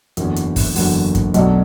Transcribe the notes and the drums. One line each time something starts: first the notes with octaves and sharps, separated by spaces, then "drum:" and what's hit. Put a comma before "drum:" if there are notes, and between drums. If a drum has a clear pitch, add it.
F#1 E2 D3 F#3 C#4, drum: hi-hat
drum: hi-hat
drum: kick F#1, open hi-hat
F#1 E2 D3 F#3 C#4, drum: open hi-hat
drum: kick F#1, hi-hat
B1 B2 F#3 A3 D4, drum: hi-hat